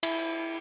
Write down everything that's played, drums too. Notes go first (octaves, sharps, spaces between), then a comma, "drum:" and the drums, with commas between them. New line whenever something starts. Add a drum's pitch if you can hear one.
E4, drum: cymbal